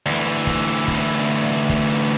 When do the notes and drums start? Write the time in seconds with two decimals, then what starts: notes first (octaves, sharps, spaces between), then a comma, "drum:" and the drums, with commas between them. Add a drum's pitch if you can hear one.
0.06 D2 E3
0.26 drum: open hi-hat
0.47 drum: kick, open hi-hat
0.67 drum: hi-hat
0.88 drum: kick, hi-hat
1.29 drum: hi-hat
1.69 drum: kick, hi-hat
1.90 drum: hi-hat